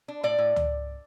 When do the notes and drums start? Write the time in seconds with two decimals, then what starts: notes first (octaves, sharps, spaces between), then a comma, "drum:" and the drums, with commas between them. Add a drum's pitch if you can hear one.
0.08 D4
0.23 A2 D5
0.39 A2
0.56 drum: tom C#2